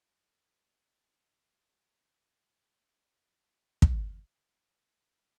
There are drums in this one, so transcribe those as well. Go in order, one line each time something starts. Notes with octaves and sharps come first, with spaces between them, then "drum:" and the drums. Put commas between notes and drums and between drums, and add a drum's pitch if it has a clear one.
E3
D#3
C#3
C3
C3
D#3
D#3
E3
C3
E3
G#2
A2
C3
C#3
C#3
C#3
E2
F#2
G#2
A2
drum: kick
C3